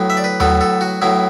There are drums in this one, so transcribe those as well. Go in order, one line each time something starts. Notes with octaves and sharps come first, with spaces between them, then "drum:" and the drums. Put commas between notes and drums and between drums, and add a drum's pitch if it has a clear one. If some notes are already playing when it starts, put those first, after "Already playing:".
Already playing: A2 F#3 B3
E5
D5
B4
A2 F#3 B3 A4, drum: tom D#2
A4
F#4
A2 F#3 B3 E4